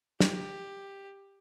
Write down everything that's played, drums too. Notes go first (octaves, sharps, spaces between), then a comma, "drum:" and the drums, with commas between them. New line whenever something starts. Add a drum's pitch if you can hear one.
G4, drum: snare